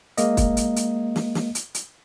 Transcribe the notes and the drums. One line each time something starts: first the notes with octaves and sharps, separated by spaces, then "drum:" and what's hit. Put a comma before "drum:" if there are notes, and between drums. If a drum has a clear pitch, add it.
G#3 A#3 D#5, drum: hi-hat
drum: kick, hi-hat
drum: hi-hat
drum: hi-hat
drum: snare
drum: snare
drum: hi-hat
drum: hi-hat